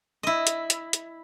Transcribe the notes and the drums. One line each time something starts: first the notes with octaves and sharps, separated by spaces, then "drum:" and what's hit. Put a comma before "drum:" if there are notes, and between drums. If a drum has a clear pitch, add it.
E4 D#5
drum: hi-hat
drum: hi-hat
drum: hi-hat